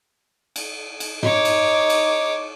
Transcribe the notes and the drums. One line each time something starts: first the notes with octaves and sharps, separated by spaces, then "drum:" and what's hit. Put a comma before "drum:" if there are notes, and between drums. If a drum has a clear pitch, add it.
drum: cymbal
drum: cymbal
D#4 C#5 D6, drum: tom
drum: cymbal
drum: cymbal